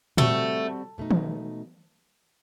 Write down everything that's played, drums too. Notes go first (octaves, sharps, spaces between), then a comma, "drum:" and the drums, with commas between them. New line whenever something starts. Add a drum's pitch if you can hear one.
G3 A3 C4 F#4, drum: tom A#2
B2 A3 D#4
drum: tom D#3